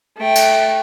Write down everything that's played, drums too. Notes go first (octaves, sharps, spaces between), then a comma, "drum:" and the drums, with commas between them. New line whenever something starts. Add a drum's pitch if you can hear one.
A3 G5
drum: cymbal